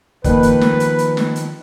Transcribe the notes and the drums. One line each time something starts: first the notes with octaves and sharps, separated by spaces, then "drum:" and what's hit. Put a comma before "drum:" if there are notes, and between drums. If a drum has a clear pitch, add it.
D#3 F3 A#3 B4, drum: kick F1, hi-hat
drum: hi-hat
drum: snare
drum: hi-hat
drum: hi-hat
drum: snare
drum: hi-hat